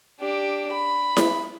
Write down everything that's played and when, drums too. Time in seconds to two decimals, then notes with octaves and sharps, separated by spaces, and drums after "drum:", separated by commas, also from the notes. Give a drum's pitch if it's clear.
0.20 D4 G4
0.72 B5
1.17 drum: snare E4